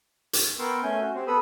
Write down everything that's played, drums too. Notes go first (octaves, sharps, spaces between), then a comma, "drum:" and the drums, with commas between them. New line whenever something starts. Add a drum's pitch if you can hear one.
drum: hi-hat
B3 A#4 G5 C6 C#6 E6
A3 C#4 G#5 G6
F#4
C4 G4 C5
B3 A4 B4 B5 D#6 E6